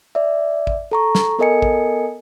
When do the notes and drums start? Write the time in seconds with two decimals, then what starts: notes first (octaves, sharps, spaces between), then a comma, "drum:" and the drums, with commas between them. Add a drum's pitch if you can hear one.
0.15 D5 E5
0.67 drum: kick A1
0.91 A4 A#5 C#6
1.15 drum: snare
1.39 B3 A4 A#4 D#5 G#5 C#7
1.62 drum: kick A1